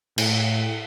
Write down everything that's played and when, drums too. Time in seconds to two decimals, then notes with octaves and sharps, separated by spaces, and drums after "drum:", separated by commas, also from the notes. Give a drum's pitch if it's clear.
0.18 A2, drum: cymbal